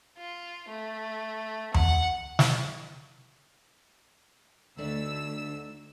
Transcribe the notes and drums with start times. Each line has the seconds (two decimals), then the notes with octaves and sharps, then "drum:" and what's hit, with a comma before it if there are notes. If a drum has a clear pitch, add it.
0.18 F4
0.69 A3
1.74 F#5, drum: tom E2
2.39 drum: snare
4.78 D2 D3 A3 D4 D#4 E6